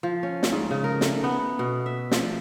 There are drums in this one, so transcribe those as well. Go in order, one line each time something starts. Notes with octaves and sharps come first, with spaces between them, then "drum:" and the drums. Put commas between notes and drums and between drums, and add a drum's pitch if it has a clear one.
F3
C#4
drum: snare
G#2
C#3
A#4
A3, drum: snare
B3
B2
E5
F3, drum: snare